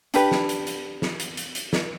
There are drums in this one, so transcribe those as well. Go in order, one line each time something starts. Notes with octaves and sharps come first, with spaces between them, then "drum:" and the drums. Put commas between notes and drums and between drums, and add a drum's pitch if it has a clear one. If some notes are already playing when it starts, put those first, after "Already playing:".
D4 G4 B4, drum: hi-hat
drum: snare
drum: hi-hat
drum: hi-hat
drum: snare
drum: hi-hat
drum: hi-hat
drum: hi-hat
drum: snare